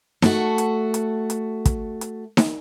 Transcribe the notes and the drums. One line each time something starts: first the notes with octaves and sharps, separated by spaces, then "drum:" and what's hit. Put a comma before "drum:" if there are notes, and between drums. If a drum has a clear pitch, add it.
A3 F#4, drum: snare D#4
drum: hi-hat
drum: hi-hat
drum: hi-hat
drum: kick, hi-hat
drum: hi-hat
drum: snare D#4